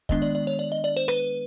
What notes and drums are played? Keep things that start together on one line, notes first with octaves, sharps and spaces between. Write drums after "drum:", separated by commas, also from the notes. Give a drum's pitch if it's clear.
D#3 G#3 B3 D4 D#5, drum: kick
D5
D5
C#5
D5
D#5
D5
C5
B4, drum: rim click